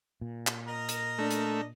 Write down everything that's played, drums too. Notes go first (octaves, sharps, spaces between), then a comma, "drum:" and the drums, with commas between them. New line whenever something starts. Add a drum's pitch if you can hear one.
A#2
drum: clap
A#4 D#5
drum: hi-hat
A3 D4
drum: hi-hat